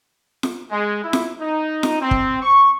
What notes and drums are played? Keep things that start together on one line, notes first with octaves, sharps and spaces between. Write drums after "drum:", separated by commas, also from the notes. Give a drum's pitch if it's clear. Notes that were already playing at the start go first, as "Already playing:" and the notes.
drum: snare F4
G#3
E4
drum: snare F4
D#4
drum: snare F4
C4
drum: kick
C#6